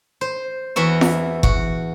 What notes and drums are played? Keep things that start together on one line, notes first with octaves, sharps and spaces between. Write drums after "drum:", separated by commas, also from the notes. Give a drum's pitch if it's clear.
C5
E2 E3 F#4 E5
drum: snare F4
F#4, drum: kick F#1